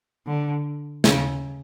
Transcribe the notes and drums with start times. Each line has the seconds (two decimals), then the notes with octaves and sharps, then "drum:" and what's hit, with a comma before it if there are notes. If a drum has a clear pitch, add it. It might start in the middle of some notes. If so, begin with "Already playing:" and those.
0.27 D3
1.04 C#3, drum: snare